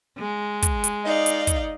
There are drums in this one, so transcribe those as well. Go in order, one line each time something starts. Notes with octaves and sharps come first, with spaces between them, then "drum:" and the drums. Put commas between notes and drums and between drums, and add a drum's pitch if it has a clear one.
G#3
drum: kick, hi-hat
drum: hi-hat
D#4 D5 D#5 F5
drum: hi-hat
drum: kick, hi-hat